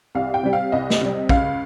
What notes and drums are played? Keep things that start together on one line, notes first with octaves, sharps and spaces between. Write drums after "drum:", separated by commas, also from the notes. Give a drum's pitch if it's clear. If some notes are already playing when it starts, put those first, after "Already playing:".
C2 F5
G5
C3 G3
F5
C2 D#5
drum: snare
C3 G3
C#2 F5, drum: kick